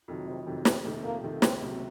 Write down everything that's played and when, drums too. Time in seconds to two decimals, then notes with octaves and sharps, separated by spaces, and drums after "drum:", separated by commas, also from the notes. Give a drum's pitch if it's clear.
0.08 F2 C3 D#3 F#3
0.26 F1 C3
0.47 F2 C3 D#3 F#3
0.65 F2 C3, drum: snare
0.85 C3 D#3 A3
1.04 F2 A#3
1.23 C3 D#3 A3
1.42 C#2 C4, drum: snare
1.62 C3 F#3